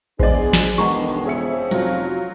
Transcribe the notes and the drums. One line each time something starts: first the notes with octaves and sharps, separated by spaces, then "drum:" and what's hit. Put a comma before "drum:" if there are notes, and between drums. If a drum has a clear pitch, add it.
E2 G#3 D4 G#4 C5 D5 D#5, drum: kick A1
drum: snare
E1 B2 D3 D#3 G#3 F#5 A#5 C#6
F2 C#4 G#4 C5 E5 C#7
F1 F#3 F4, drum: hi-hat